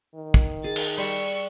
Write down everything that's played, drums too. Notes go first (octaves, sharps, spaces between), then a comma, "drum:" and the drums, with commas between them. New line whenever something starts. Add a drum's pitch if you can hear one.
D#3
drum: kick
G#4 A6
drum: cymbal
G3 C6 C#6 E6